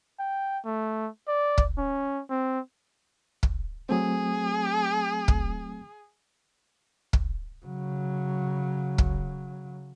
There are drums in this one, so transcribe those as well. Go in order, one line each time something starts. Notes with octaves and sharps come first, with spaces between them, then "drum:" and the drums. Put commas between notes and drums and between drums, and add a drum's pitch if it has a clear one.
G5
A3
D5
drum: kick
C#4
C4
drum: kick
F#3 A3 C4 G#4
drum: kick
drum: kick
C#3 F#3
drum: kick